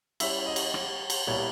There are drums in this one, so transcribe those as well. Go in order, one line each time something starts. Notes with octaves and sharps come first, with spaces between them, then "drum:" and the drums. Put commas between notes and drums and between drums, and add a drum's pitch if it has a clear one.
G3 C#4 E4 E5, drum: cymbal
D#5
drum: cymbal
drum: rim click
drum: cymbal
B2 G3 A#3 E4 C#5